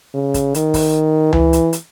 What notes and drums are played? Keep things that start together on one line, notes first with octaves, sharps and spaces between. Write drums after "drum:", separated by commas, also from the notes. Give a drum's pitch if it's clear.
C#3
drum: kick, hi-hat
D#3, drum: hi-hat
drum: kick, open hi-hat
E3, drum: tom C#2
drum: hi-hat
drum: hi-hat